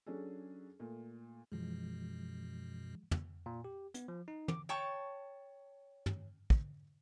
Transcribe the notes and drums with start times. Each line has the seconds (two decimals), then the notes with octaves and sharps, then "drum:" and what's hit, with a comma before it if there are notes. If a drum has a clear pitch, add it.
0.06 F#3 C#4 D4 G#4 A4
0.79 A#2 A3
1.52 F#2 B2 E3 F3 G#3
3.11 drum: tom
3.46 A#2
3.65 G4
3.94 B3, drum: hi-hat
4.08 F3
4.28 D#4
4.48 D6, drum: tom
4.69 C#5 G5 A5 C#6
6.06 drum: tom
6.50 drum: kick